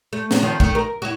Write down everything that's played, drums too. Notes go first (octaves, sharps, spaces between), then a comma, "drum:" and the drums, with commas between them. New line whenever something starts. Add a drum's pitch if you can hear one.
A3
F3 C4 F#4, drum: snare
D#3 F3 C#4
D#3 A3, drum: kick
A#4
E4 F#4